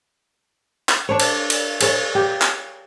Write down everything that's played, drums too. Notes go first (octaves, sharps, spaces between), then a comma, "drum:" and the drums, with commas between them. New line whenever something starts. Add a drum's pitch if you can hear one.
drum: clap
D4 C#5
drum: cymbal
drum: cymbal
G#4 C#5, drum: cymbal
G4
drum: clap